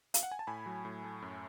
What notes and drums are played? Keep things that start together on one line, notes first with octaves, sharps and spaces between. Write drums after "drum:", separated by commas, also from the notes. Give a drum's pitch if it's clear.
F5, drum: hi-hat
F#5
G#5
A5
A2 G#5 B5
F#3
A2
A3
F#2